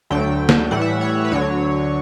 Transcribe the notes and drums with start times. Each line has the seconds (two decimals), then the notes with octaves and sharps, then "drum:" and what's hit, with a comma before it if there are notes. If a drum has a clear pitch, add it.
0.10 D2 D3 F#3 A3 G5
0.49 drum: snare
0.71 A2 E3 G3 F#5
0.81 E5
1.01 C#5
1.25 B4
1.32 D2 D3 F#3 C#5